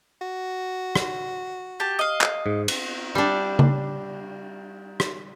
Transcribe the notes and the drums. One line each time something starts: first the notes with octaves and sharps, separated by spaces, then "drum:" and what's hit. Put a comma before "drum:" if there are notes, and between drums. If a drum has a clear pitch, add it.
F#4
drum: rim click
G4 A5
D#5 F5
drum: clap
G#2
drum: cymbal
G3 D4
drum: tom C#3
drum: rim click